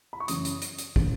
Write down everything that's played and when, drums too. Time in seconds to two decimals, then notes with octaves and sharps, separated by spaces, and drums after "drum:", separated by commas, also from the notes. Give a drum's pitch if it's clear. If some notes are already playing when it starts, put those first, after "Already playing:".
0.13 B5
0.20 C#6
0.28 F#2 C#3 E3 D#6, drum: hi-hat
0.45 drum: hi-hat
0.61 drum: hi-hat
0.78 drum: hi-hat
0.96 C#3 E3, drum: kick